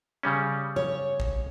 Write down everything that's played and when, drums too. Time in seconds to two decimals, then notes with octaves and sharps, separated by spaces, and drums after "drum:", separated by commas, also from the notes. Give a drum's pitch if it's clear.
0.23 C#3 G3 C#4
0.76 C#5
1.20 drum: kick A1